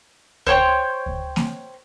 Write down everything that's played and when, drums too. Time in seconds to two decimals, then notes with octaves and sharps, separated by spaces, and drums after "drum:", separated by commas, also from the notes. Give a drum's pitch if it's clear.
0.47 C5 C#5 G5 C#6, drum: kick D2
1.06 drum: kick D2
1.36 drum: snare A#3